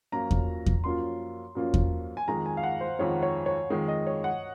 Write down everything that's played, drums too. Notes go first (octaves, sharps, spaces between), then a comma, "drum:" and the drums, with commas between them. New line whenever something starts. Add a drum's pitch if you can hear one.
F#2 F3 A#3 C#4 F4 A#5
drum: kick E2
drum: kick E2
F#2 F3 A#3 C#4 F4 C6
F#2 F3 A#3 C#4 F4
drum: kick E2
G#5
F2 D#3 G#3 A#5
G#5
F5
F#5
C5
F2 D#3 G#3 C#5
C#5
C#5
F2 D#3 G#3
D#5
C#5
F#5